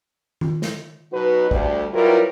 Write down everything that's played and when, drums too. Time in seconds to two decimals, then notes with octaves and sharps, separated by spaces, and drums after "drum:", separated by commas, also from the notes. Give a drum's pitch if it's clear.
0.41 drum: tom D#3
0.62 drum: snare
1.13 B2 F#3 D#4 F#4 B4
1.51 D2 G3, drum: kick
1.94 F#3 G3 E4 F4 A#4 B4